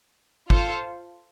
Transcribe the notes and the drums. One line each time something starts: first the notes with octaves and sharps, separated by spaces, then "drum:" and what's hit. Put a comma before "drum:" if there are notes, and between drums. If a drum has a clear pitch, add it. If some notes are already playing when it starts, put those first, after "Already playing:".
F4 A4 C5, drum: kick